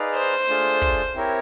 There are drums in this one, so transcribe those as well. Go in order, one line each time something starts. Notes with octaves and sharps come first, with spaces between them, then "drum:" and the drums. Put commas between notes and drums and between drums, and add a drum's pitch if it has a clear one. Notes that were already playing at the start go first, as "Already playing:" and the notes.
Already playing: D#4 G#4 B4 D5 F5
C5
A3 D4 F4 G#4
drum: kick
C4 E4 G4 A#4 C#5